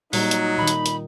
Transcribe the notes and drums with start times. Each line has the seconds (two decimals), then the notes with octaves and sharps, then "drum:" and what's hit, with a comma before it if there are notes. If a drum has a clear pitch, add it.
0.13 A#2 F#3 G3 D#4, drum: open hi-hat
0.31 drum: hi-hat
0.58 A#2 D#3 B5
0.68 drum: hi-hat
0.86 drum: hi-hat